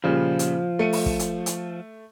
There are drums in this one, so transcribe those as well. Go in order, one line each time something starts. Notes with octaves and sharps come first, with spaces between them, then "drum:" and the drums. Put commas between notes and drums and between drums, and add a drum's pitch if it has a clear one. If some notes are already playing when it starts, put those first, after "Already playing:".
A#2 C#3 F3 G3
drum: hi-hat
A3 C#7 D#7
drum: open hi-hat
drum: kick
drum: hi-hat
drum: hi-hat